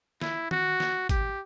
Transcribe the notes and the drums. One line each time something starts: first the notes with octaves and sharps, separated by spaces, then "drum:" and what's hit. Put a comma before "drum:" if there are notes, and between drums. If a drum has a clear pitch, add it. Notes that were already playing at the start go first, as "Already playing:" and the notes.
E4, drum: snare
F#4, drum: tom D#3
drum: snare
G4, drum: kick G#1, hi-hat